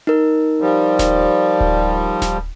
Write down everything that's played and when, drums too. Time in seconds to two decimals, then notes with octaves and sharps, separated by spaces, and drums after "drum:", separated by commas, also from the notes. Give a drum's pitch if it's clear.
0.07 D#4 A#4
0.61 F3 G3
0.99 drum: snare D1
1.60 drum: kick D1
2.22 drum: snare D1